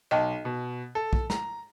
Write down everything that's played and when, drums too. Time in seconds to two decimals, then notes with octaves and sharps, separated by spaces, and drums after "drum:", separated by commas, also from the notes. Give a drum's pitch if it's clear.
0.11 B1 D#5 G5 A5
0.45 B2
0.95 A4
1.13 drum: kick
1.30 A#5, drum: snare